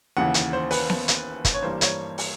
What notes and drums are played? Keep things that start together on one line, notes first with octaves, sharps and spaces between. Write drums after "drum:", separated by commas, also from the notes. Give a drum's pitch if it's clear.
D#2 C#3 E3 F#5
F#5, drum: hi-hat
C5
B4, drum: open hi-hat
drum: snare B3
drum: hi-hat
drum: kick, hi-hat
C#5
G2 E3 G3 A#3 C5
C#5, drum: hi-hat
drum: open hi-hat